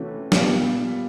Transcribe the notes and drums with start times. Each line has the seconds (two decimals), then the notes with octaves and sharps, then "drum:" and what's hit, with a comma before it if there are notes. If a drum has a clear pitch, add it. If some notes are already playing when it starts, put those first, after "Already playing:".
Already playing: C3 E3 A3 C#4 F#4
0.32 A#2 G3 B3 D4, drum: snare